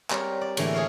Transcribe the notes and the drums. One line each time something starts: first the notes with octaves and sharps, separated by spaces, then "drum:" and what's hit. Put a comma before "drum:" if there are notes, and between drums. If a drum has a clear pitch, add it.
G3 C4 A#4 C#5, drum: clap
D5
A2 D3 E3 A3 A#3, drum: cymbal
G#4 C#5 F5